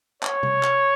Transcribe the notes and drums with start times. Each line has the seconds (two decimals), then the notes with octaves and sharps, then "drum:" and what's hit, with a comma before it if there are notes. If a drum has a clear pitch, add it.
0.23 C#5, drum: clap
0.43 drum: tom C3
0.63 drum: clap